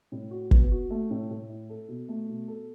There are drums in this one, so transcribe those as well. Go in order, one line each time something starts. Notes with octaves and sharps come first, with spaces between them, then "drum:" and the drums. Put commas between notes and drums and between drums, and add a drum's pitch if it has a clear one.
A2
F#4
B3, drum: kick
F#4
A3
A2
A2
E4
A4
B2
A3
B2
A4